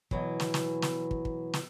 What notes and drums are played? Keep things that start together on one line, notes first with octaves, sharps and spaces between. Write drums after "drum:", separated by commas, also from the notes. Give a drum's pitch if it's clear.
B2 E3 F#3, drum: kick
drum: snare
drum: snare
drum: snare
drum: kick
drum: kick
drum: snare